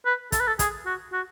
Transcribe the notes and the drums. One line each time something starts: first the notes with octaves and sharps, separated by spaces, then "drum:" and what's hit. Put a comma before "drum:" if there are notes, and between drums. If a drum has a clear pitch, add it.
B4
A4, drum: kick, hi-hat
B4
A4
G#4, drum: kick, hi-hat
F#4
F#4